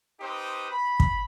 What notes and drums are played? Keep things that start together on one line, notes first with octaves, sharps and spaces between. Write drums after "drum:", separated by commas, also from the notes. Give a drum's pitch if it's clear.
C4 D#4 G4 B4 C5 D#6
B5
drum: kick